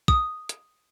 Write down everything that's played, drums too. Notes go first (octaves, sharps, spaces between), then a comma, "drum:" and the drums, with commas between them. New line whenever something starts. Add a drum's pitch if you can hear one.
D#6, drum: kick
drum: hi-hat